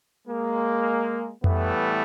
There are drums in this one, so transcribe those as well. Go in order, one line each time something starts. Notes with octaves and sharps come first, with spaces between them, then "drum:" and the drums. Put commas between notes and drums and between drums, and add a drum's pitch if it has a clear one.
G#3 A#3
A2 E3 G3 A3 B3, drum: tom F2